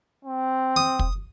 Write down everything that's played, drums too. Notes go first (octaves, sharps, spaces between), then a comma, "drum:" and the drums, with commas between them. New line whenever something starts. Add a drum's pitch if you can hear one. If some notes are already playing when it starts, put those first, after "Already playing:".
C4
D#6
drum: kick